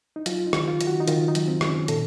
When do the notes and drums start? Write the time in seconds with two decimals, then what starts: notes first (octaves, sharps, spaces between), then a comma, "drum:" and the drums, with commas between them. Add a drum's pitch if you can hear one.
0.16 D#4
0.26 F#3 F4, drum: hi-hat
0.47 D#4
0.53 D#3, drum: rim click
0.68 F4
0.81 D#3, drum: hi-hat
0.87 F#4
1.00 D#4
1.08 D#3 F4, drum: hi-hat
1.28 D#4
1.35 F#3, drum: hi-hat
1.48 C4
1.61 D#3, drum: rim click
1.68 C#4
1.88 A#2 A4, drum: hi-hat